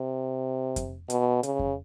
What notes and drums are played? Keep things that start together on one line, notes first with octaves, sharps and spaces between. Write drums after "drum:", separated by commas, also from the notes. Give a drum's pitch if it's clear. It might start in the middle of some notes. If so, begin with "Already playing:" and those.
Already playing: C3
drum: kick F2, hi-hat
B2, drum: hi-hat
C#3, drum: hi-hat
drum: kick F2